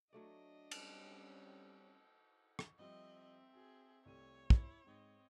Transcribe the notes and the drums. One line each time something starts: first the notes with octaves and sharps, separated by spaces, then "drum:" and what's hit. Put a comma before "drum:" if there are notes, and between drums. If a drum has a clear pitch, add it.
F#3 A3 D4 D5 D#5
G3 C4 C#4, drum: cymbal
drum: rim click
F3 G3 C4 D#5 E5
F#4 G#4
C2 A3 C#5 D#7
E4, drum: kick
G#2 C4 D#5